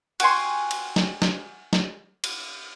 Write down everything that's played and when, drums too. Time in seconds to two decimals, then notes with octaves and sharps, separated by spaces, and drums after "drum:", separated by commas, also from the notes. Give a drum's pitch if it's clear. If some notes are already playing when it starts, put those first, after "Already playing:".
0.20 F#4 G5 G#5 C6, drum: cymbal
0.71 drum: cymbal
0.96 drum: snare
1.22 drum: snare
1.73 drum: snare
2.24 drum: cymbal